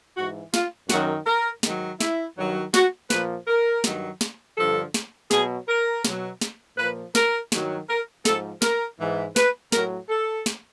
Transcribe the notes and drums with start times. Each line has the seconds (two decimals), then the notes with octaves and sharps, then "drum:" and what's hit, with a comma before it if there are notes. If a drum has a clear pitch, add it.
0.16 G#2 E3 F#4
0.54 F4, drum: snare
0.90 F#2 D#3 F#3 F#4, drum: snare
1.26 A#4
1.63 G#2 D#3 F#3, drum: snare
2.00 E4, drum: snare
2.37 G2 D#3 F#3
2.74 F#4, drum: snare
3.10 A#2 F3 B4, drum: snare
3.47 A#4
3.84 G2 D#3 F#3, drum: snare
4.21 drum: snare
4.58 G2 D3 F3 A4
4.94 drum: snare
5.31 B2 F#3 G#4, drum: snare
5.69 A#4
6.05 B2 F#3, drum: snare
6.41 drum: snare
6.78 A#2 F3 B4
7.15 A#4, drum: snare
7.52 G2 D#3 F#3, drum: snare
7.89 A#4
8.25 G#2 F3 A4, drum: snare
8.62 A#4, drum: snare
8.99 G#2 E3
9.36 B4, drum: snare
9.72 A2 F#3 A#4, drum: snare
10.09 A4
10.46 drum: snare